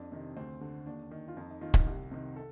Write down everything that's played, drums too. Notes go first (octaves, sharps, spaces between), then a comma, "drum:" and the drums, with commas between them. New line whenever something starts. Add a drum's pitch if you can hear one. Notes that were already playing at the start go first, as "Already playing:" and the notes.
Already playing: F2 D4
C3 D#3
D2 C4
D3
D#2 D4
D#3
F4
F2 D#4
D#4
D#3 F4
drum: kick
C2 G4
C3 D#3
A4